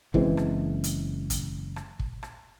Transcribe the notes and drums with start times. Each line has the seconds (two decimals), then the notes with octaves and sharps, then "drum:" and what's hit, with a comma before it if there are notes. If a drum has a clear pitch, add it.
0.14 F#1 E3 G#3 C4, drum: kick
0.37 drum: rim click
0.84 drum: hi-hat
1.30 drum: kick, hi-hat
1.76 drum: rim click
1.99 drum: kick
2.23 drum: rim click